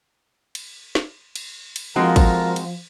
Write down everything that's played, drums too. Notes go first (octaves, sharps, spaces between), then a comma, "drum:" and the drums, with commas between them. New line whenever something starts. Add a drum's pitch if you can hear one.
drum: cymbal
drum: snare
drum: cymbal
drum: cymbal
F3 G#3 C4 F#4 A4 A#4
drum: kick, cymbal
drum: cymbal